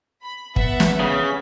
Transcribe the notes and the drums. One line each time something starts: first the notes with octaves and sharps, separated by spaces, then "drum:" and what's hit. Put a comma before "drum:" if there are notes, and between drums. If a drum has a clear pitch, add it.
B5
B3 E5 F#5 A6, drum: kick
drum: snare
C#3 B6